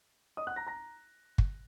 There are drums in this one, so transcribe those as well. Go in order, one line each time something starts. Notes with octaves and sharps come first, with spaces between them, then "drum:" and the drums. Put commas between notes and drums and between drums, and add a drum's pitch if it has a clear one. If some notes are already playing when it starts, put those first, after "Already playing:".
D#5 D#6
F#5 F#6
A#5 A#6
A#5 A#6
drum: kick